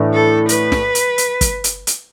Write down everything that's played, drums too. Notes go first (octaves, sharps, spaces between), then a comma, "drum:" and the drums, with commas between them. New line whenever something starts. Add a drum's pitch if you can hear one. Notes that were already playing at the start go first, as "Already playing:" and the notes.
Already playing: A2 E3 A3 D4
A4
B4, drum: hi-hat
drum: snare
drum: hi-hat
drum: hi-hat
drum: kick, hi-hat
drum: hi-hat
drum: hi-hat